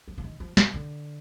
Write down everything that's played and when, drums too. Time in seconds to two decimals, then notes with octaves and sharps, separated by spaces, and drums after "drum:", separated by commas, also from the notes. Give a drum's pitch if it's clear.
0.08 F3
0.18 F3
0.24 D#3
0.40 F3
0.57 D#3, drum: snare
0.74 D3